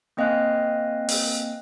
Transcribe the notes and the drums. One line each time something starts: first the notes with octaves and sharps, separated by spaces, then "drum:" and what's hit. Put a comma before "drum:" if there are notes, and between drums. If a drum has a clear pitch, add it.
A#3 C4 D#5 F5 G#5 F#6
drum: open hi-hat